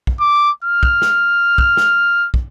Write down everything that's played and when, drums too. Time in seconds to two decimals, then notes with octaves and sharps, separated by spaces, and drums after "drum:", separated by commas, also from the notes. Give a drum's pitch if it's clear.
0.07 drum: kick
0.21 D6
0.64 F6
0.83 drum: kick
1.02 drum: snare
1.58 drum: kick
1.77 drum: snare
2.34 drum: kick